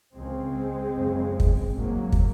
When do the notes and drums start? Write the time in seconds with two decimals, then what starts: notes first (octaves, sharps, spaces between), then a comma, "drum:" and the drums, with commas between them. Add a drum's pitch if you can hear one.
0.15 C#2 C#3 G#3 C4
0.96 F#1 F2 C#3
1.40 drum: kick
1.76 G#1 G#2 F#3 A#3
2.12 drum: kick